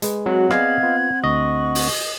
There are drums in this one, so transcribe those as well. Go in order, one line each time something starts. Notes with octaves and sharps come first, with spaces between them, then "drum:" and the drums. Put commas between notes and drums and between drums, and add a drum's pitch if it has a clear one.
G#3 G#4 B4, drum: hi-hat
F#3 C4 F#4 F#5
B3 G#4 D5 D#5 F5 G#6, drum: rim click
B3 F4
D2 D#5 C#6
drum: open hi-hat